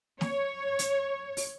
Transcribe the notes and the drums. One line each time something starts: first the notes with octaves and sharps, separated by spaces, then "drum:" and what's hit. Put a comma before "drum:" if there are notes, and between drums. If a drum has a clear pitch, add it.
C#5, drum: snare
drum: hi-hat
drum: open hi-hat